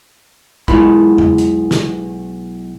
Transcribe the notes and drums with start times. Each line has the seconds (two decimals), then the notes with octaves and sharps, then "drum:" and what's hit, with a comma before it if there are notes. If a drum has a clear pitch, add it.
0.68 B1 C3 G#3 E4 F4 B5, drum: kick
1.18 drum: tom E2
1.38 drum: hi-hat
1.71 drum: snare